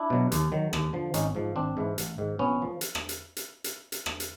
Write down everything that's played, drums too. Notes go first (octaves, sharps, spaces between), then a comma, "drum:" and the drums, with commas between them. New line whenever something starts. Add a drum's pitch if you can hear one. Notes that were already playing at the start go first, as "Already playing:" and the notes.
Already playing: D4 E4
B2 F#3
D#2, drum: hi-hat
D#3 F#3
D#2, drum: rim click
D3 F3
G#1 C#4 D#4, drum: hi-hat
G#2 F3
G#1 C4 D4
G#2 E3
A1, drum: hi-hat
G#2 D#3
A#1 B3 C#4
F3
drum: hi-hat
drum: rim click
drum: hi-hat
drum: hi-hat
drum: hi-hat
drum: hi-hat
drum: rim click
drum: hi-hat